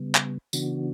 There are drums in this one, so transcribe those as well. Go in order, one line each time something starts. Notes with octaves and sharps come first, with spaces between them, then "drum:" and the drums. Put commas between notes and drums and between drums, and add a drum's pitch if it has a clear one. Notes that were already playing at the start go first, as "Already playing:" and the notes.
Already playing: C#3 G3 B3
drum: clap
C#3 E3 B3 D4 F#4, drum: tambourine